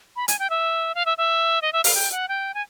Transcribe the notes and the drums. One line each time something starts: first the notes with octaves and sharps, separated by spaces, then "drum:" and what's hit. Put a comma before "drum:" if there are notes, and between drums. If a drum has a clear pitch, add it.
B5
G#5, drum: hi-hat
G5
E5
F5
E5
E5
D#5
E5
F5, drum: open hi-hat
G5
F#5
G5
G#5